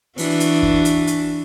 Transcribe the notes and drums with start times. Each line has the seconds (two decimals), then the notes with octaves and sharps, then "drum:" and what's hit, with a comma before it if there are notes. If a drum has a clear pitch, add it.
0.18 E3 D4 F#4, drum: open hi-hat
0.40 drum: hi-hat
0.63 drum: kick
0.85 drum: hi-hat
1.07 drum: hi-hat